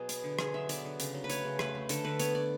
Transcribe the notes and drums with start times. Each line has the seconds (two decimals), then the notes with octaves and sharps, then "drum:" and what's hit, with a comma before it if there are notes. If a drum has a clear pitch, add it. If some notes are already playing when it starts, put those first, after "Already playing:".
Already playing: B2 F#3 G#4
0.09 B3, drum: hi-hat
0.24 D3
0.39 D3 G#4, drum: rim click
0.54 F#3 E5
0.69 B3 D5, drum: hi-hat
0.85 D3
1.00 C#3, drum: hi-hat
1.14 F#3
1.24 B4
1.30 A3 C#5, drum: hi-hat
1.45 C#3
1.59 A3 B4, drum: rim click
1.75 A3
1.89 D3 A4, drum: hi-hat
2.04 D3 B4
2.19 B3 C#5, drum: hi-hat
2.35 B3 D5